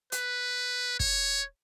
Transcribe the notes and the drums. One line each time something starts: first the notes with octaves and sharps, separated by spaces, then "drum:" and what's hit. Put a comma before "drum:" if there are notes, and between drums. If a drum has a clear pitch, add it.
B4, drum: hi-hat
C#5, drum: kick